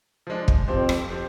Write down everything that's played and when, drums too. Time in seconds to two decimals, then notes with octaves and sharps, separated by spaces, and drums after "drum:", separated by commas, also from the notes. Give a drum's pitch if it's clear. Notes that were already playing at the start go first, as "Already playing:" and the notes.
0.27 F3 G#3 D4
0.48 drum: kick
0.68 F2 F3 C4 G4 C5
0.89 drum: rim click
1.10 F3 C4 G4 C5